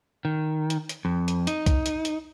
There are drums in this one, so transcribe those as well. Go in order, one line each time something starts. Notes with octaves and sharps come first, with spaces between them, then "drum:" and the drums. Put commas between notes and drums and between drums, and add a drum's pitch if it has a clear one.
D#3
drum: hi-hat
drum: hi-hat
F2
drum: hi-hat
D#4, drum: hi-hat
drum: kick, hi-hat
drum: hi-hat
drum: hi-hat